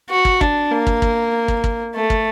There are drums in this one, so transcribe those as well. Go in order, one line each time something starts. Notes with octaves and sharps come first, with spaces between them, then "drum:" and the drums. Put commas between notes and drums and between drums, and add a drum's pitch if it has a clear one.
F#4
drum: kick
D4, drum: kick
A#3
drum: kick
drum: kick
drum: kick
drum: kick
A3
drum: kick